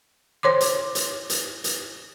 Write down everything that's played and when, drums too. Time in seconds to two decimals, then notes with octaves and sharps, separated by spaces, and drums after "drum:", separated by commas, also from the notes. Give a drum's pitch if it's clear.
0.43 C5 C#5 C6 D6
0.61 drum: hi-hat
0.95 drum: hi-hat
1.30 drum: hi-hat
1.64 drum: hi-hat